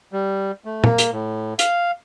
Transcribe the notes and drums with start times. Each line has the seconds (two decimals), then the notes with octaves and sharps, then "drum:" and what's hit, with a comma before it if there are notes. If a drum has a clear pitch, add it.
0.12 G3
0.65 A3
0.84 A#3, drum: tom
0.98 drum: hi-hat
1.12 A2
1.59 F5, drum: hi-hat